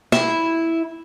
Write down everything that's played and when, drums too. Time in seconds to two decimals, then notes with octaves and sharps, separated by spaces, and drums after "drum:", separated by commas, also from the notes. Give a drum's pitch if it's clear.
0.12 E4, drum: snare